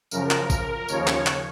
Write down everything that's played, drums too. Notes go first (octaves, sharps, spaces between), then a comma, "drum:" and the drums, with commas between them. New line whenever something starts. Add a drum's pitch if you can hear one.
F#2 C#3 F3 A#4, drum: tambourine
drum: clap
drum: kick A1, tambourine
D#2 C#3 F3 C#5, drum: tambourine
drum: clap
drum: clap